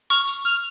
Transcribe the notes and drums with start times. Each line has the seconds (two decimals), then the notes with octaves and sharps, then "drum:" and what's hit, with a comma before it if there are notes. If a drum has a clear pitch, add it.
0.10 C#6 F6, drum: tambourine
0.27 drum: tambourine
0.45 F6, drum: tambourine